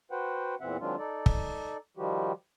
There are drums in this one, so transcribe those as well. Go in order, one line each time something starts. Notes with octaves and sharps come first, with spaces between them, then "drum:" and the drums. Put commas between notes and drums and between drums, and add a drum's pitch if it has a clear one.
F#4 B4 C5 F#5 G5
E2 A#2 E3 C4 E5 F#5
D#3 F#3 G#3 C4 D4 F4
D#4 A4 D5
drum: kick
D#3 F3 G3 F#4 G4